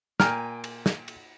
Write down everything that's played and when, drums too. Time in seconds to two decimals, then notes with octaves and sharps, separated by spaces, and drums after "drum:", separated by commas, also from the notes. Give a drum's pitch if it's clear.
0.20 A#2 A#4 G5 G#5 F6, drum: snare
0.64 drum: cymbal
0.86 drum: snare
1.08 drum: cymbal